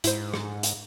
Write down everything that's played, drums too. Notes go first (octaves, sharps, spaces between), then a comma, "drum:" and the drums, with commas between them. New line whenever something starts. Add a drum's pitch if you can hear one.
G#2 E4 C5, drum: hi-hat
drum: rim click
drum: hi-hat